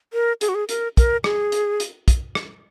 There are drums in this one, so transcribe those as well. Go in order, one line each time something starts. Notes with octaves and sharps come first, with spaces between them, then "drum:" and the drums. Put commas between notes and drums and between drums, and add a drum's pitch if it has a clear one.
A#4
G#4, drum: hi-hat
F#4
G#4
A#4, drum: hi-hat
A#4, drum: kick, hi-hat
G#4, drum: rim click
drum: hi-hat
drum: hi-hat
drum: kick, hi-hat
drum: rim click